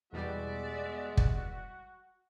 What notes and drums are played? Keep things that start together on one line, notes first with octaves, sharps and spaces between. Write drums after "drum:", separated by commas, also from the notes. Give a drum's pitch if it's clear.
E2 B2 G3 G#3 F#4 D5 E5
drum: kick